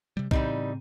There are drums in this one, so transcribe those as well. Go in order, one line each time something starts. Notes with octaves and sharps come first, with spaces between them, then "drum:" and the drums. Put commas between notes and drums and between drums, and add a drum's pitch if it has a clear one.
C3 G3
A2 C#3 E3 G3 C4 D#4, drum: kick